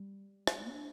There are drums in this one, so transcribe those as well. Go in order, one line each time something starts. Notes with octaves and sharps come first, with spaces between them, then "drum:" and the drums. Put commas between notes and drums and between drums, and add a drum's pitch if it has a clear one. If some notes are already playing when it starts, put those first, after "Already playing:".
Already playing: G3
drum: rim click
D4